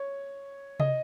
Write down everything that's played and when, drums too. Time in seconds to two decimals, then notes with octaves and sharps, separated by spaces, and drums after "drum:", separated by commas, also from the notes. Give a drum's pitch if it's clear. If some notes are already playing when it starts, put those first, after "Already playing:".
Already playing: C#5
0.80 D#5, drum: tom C3